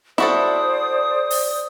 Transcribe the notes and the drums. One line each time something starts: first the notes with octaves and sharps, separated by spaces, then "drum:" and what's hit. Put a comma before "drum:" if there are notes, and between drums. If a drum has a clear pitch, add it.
E4 F#4 A4 C5 D5 D#6, drum: snare
drum: open hi-hat